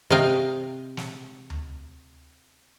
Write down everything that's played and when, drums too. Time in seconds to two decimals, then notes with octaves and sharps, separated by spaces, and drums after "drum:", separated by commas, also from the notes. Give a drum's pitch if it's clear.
0.10 C3 D#5 F5 G5
0.97 drum: snare
1.50 drum: tom D2